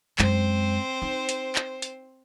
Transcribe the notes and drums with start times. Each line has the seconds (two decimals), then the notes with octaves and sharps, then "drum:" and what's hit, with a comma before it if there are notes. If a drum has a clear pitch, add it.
0.19 F#2 G#3 C4 C5, drum: clap
1.02 D#4
1.29 drum: hi-hat
1.56 drum: clap
1.82 drum: hi-hat